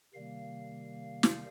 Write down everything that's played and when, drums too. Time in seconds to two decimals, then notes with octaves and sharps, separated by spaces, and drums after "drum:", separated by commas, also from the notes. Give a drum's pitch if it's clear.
0.14 C3 D#3 G3 A#3 F5
1.23 drum: snare